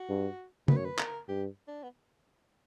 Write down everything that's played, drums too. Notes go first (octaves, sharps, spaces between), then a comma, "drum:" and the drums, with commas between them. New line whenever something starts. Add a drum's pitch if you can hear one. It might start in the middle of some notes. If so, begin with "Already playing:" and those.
Already playing: F#4
G2
F#2 B4, drum: tom
C#5
B4
A#4, drum: clap
G2 G4
D4
B3